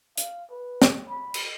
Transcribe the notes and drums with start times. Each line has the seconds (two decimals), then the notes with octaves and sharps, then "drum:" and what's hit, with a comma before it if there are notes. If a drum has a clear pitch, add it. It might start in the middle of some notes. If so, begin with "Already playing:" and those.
0.17 F5, drum: hi-hat
0.51 B4
0.82 drum: snare
1.10 B5
1.34 drum: cymbal